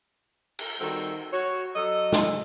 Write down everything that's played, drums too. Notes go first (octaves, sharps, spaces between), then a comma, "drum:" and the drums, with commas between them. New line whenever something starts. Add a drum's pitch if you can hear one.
drum: cymbal
D#3 G3 C4 F#4 A4
F#4 C#5
F#3 A4 D#5
drum: snare